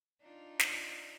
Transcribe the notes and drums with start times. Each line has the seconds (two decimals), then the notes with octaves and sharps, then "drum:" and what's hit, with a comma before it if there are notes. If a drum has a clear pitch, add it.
0.21 D4 D#4 F4
0.59 drum: snare